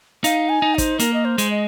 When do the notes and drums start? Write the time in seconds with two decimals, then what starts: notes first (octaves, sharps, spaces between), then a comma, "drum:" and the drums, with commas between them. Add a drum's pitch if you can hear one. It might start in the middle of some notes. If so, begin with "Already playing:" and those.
0.24 D#4 F5, drum: hi-hat
0.49 G#5
0.62 D#4
0.75 D#5
0.78 C5, drum: kick, hi-hat
0.99 A#3 A#4, drum: hi-hat
1.13 D#5
1.25 C5
1.38 G#3, drum: hi-hat
1.50 D#5